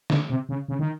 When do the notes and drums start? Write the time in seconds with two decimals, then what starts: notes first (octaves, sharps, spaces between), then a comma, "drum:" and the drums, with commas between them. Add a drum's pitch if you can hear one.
0.10 D3, drum: snare
0.30 C3
0.49 C#3
0.68 C#3
0.79 D#3